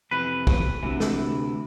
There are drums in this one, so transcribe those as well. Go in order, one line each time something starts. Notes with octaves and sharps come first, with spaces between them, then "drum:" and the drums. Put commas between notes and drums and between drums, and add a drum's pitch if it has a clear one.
F2 C3 E3 B4
drum: kick
D2 C3 E3
drum: snare